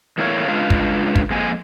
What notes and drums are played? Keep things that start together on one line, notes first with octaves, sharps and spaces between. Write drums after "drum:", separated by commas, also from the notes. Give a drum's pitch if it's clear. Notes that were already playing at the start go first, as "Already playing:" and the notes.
E2 A2 E4 A#4 C#5 F5
C#3 G#3 D4 F4 B4 F5
drum: kick
drum: kick
F2 G#3 A#3 G#5